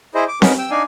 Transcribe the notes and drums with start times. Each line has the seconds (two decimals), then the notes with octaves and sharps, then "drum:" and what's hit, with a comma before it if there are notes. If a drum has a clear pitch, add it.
0.15 E4 G#4 C5 D#5
0.28 D6
0.42 C#4 D#4 F#4 A#4 B4, drum: snare C4
0.58 G5 E6
0.71 D4 D#4 D5 F5 G#5